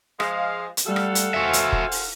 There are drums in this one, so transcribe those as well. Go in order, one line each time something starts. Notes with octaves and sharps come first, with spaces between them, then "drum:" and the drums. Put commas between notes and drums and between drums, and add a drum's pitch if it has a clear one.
F3 G#3 F5, drum: rim click
drum: hi-hat
G3 A3 A4 F5 F#5
drum: rim click
drum: hi-hat
F#4 C5 E5 G#5
drum: hi-hat
drum: kick
drum: open hi-hat